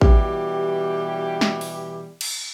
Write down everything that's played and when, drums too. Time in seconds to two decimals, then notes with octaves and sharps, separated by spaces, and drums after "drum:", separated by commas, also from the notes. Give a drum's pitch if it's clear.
0.01 B2 E3 G3 G4, drum: kick A1
1.41 drum: snare
1.61 drum: open hi-hat
2.21 drum: cymbal